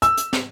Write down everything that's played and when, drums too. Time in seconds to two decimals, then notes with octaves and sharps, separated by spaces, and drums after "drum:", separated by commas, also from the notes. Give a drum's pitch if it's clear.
0.02 E6, drum: hi-hat
0.17 drum: hi-hat
0.33 drum: snare